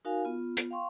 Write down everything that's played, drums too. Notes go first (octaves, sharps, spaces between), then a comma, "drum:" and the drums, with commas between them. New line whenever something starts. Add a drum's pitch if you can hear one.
D#4 F#4 A#4 F5 G#5
B3 F4
drum: hi-hat
F5 G5 C6 C#6